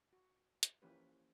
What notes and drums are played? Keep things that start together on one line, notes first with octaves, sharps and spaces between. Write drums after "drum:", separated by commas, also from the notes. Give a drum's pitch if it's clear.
F#4
drum: hi-hat
E3 F3 A#3 C#4 G4 B4